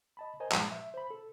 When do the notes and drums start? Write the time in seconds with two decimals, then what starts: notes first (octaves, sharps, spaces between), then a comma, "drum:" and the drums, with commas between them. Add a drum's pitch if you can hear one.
0.17 D#5 A5 B5
0.40 A#4 C5 D#5 G#5 A#5
0.52 G2 A#2 F3 G#3, drum: clap
0.71 E5
0.94 C5 B5
1.10 A4